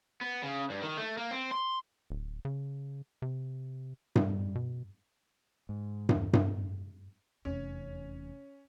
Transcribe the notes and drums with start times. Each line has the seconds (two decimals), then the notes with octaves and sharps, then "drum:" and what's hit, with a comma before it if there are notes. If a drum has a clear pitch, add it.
0.21 B3
0.43 C#3
0.70 G2
0.83 D#3
0.97 A3
1.17 A#3
1.31 C4
1.52 C6
2.10 D1
2.45 C#3
3.22 C3
4.15 G3, drum: tom G2
4.55 B2
5.69 G#2
6.09 E2, drum: tom G2
6.33 drum: tom G2
7.45 F1 E2 C#4